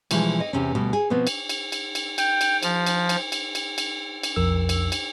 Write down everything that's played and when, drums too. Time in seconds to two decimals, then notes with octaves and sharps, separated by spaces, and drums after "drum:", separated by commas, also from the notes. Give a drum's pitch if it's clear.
0.11 B2 E3 F3 G3 G#3, drum: cymbal
0.40 D#5
0.53 E2 C3 C4 C#4
0.75 D2 B2 G3
0.93 G#4
1.10 B2 F3 B3 C4
1.27 drum: cymbal
1.49 drum: cymbal
1.72 drum: cymbal
1.95 drum: cymbal
2.18 G5, drum: cymbal
2.41 drum: cymbal
2.63 F3, drum: cymbal
2.86 drum: cymbal
3.09 drum: cymbal
3.32 drum: cymbal
3.55 drum: cymbal
3.78 drum: cymbal
4.23 drum: cymbal
4.36 B1 F2 A#4 E6
4.69 drum: cymbal
4.92 drum: cymbal